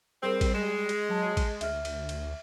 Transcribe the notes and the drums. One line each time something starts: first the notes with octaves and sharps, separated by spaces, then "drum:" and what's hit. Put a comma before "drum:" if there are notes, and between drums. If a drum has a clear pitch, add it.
G3 C4 G#4 A#4 C5
drum: kick A1, cymbal
G#3 E7
drum: cymbal
F#3 D#5 A5
drum: kick A1, cymbal
D2 E5 F6, drum: cymbal
drum: cymbal
drum: cymbal